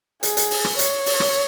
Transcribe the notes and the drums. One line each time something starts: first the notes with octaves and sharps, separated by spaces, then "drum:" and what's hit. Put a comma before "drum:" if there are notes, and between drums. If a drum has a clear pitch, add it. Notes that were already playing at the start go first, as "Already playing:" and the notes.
G#4, drum: hi-hat
drum: hi-hat
drum: open hi-hat
drum: rim click
C#5, drum: hi-hat
drum: open hi-hat
drum: rim click